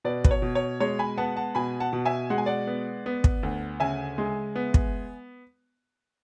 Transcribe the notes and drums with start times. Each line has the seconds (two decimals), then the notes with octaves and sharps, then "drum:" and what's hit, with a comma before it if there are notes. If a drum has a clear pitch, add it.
0.05 B2 B4 D5
0.25 B4, drum: kick
0.31 C#5
0.42 B2
0.55 C#5
0.80 G#3 C#5
0.99 G#5 B5
1.17 B3 F#5 A5
1.36 F#5 A5
1.55 B2 G#5 B5
1.80 F#5 A5
1.93 B2
2.05 E5 G#5
2.30 G#3 F#5
2.38 G#5
2.46 D5 F#5
2.67 B3
3.06 B3
3.24 drum: kick
3.43 D2
3.80 C#3 E5 G#5
4.18 G#3
4.56 B3
4.74 drum: kick